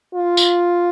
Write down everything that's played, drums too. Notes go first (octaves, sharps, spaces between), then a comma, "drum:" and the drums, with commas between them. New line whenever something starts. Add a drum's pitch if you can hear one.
F4
drum: tambourine